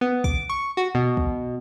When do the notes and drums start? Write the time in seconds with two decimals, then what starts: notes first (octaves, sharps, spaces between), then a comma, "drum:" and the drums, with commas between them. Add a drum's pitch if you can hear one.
0.01 B3
0.24 D6, drum: kick
0.50 C#6
0.77 F#4
0.95 B2
1.17 drum: kick